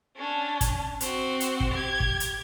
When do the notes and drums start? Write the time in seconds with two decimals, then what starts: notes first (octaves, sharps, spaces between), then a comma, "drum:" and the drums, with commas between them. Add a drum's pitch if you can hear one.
0.16 C#4 D4
0.61 drum: kick, hi-hat
1.01 C4 F#4, drum: hi-hat
1.40 drum: hi-hat
1.60 drum: kick
1.72 G4 G#6
2.00 drum: kick
2.20 drum: hi-hat